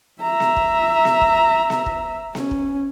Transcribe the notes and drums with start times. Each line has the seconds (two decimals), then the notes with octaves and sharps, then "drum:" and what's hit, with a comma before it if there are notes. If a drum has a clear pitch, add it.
0.22 E5 A#5
0.40 drum: snare B3
0.56 drum: kick
1.05 drum: snare B3
1.21 drum: kick
1.70 drum: snare B3
1.86 drum: kick
2.35 C#4, drum: snare B3
2.51 drum: kick